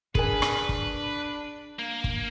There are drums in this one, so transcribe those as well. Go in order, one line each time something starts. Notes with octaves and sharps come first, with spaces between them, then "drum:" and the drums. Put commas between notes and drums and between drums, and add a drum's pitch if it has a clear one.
D4 G#4 A#4 B4 G#5, drum: kick
drum: rim click
drum: kick
A#3
drum: kick